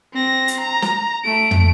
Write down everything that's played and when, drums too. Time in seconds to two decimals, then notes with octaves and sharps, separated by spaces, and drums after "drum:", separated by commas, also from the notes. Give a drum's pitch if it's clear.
0.14 C4 A#6
0.48 drum: hi-hat
0.60 A#5
0.82 drum: snare
1.24 A3 D7
1.51 drum: tom